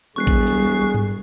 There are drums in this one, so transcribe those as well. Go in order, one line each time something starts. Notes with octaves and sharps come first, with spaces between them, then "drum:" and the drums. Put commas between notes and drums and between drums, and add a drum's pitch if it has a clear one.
E1 G3 G#4 C#6 F#6 C7
drum: kick A1
drum: open hi-hat
drum: tom G2